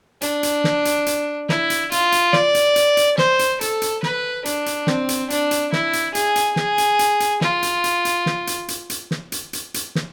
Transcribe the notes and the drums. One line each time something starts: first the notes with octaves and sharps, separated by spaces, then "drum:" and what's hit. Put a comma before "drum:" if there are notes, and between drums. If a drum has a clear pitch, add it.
D4, drum: hi-hat
drum: hi-hat
drum: snare
drum: hi-hat
drum: hi-hat
E4, drum: snare
drum: hi-hat
F4, drum: hi-hat
drum: hi-hat
D5, drum: snare
drum: hi-hat
drum: hi-hat
drum: hi-hat
C5, drum: snare
drum: hi-hat
A4, drum: hi-hat
drum: hi-hat
B4, drum: snare
D4, drum: hi-hat
drum: hi-hat
C4, drum: snare
drum: hi-hat
D4, drum: hi-hat
drum: hi-hat
E4, drum: snare
drum: hi-hat
G#4, drum: hi-hat
drum: hi-hat
G#4, drum: snare
drum: hi-hat
drum: hi-hat
drum: hi-hat
F4, drum: snare
drum: hi-hat
drum: hi-hat
drum: hi-hat
drum: snare
drum: hi-hat
drum: hi-hat
drum: hi-hat
drum: snare
drum: hi-hat
drum: hi-hat
drum: hi-hat
drum: snare